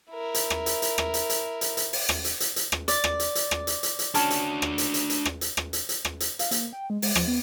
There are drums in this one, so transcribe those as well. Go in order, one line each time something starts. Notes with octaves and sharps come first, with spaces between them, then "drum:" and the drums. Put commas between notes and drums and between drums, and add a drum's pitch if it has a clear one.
E4 A#4
drum: hi-hat
drum: rim click
drum: hi-hat
drum: hi-hat
drum: rim click
drum: hi-hat
drum: hi-hat
drum: hi-hat
drum: hi-hat
drum: open hi-hat
drum: rim click
drum: hi-hat
drum: hi-hat
drum: hi-hat
drum: rim click
D5, drum: hi-hat
drum: rim click
drum: hi-hat
drum: hi-hat
drum: rim click
drum: hi-hat
drum: hi-hat
drum: hi-hat
C#4 D4 F#4 A5, drum: hi-hat
drum: hi-hat
drum: rim click
drum: hi-hat
drum: hi-hat
drum: hi-hat
drum: rim click
drum: hi-hat
drum: rim click
drum: hi-hat
drum: hi-hat
drum: rim click
drum: hi-hat
F5, drum: hi-hat
A#3, drum: hi-hat
G5
G#3
G#3, drum: open hi-hat
F3, drum: rim click
B3